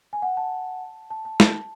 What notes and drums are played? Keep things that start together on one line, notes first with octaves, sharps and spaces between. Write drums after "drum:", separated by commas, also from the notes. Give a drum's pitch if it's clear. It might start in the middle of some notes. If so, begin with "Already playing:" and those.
G#5
F#5
A5
A5
A5
A5, drum: snare